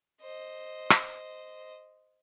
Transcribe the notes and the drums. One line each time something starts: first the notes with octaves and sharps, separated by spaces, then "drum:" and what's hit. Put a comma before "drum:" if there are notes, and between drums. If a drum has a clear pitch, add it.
C5 D#5
drum: rim click